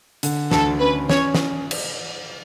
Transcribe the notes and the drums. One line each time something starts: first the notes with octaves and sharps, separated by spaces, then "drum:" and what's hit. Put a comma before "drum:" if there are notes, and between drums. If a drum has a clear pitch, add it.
D3, drum: hi-hat
D2 A4, drum: snare
C#4 B4
C#4 C#5, drum: snare
drum: snare
drum: cymbal